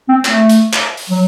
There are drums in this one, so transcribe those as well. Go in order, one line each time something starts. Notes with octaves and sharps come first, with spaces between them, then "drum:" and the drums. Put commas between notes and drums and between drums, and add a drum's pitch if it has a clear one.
C4
A3, drum: clap
drum: hi-hat
drum: clap
drum: open hi-hat
F#3